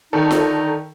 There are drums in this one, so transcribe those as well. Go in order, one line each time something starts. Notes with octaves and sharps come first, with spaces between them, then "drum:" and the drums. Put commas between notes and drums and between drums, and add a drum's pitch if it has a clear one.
D3 D#3 D#4 A4
drum: snare F4